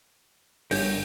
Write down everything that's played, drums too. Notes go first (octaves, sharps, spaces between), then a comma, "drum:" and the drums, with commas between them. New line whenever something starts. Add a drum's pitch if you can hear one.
G1 G2 D4 A#4 C#5 G6, drum: open hi-hat